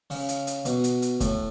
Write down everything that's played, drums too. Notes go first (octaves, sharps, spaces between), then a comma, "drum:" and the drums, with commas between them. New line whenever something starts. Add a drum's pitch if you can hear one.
C#3, drum: open hi-hat
drum: hi-hat
drum: hi-hat
B2, drum: hi-hat
drum: hi-hat
drum: hi-hat
A2, drum: kick, hi-hat